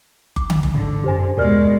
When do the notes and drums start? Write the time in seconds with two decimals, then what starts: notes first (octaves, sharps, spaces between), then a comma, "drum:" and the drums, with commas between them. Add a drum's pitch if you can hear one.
0.36 D6, drum: kick F#1
0.50 drum: tom D3
0.63 drum: kick F#1
0.75 G#2 D3
1.04 F#2 G4 C5 G#5
1.37 D#2 B2 G#3 A#4 D5 F6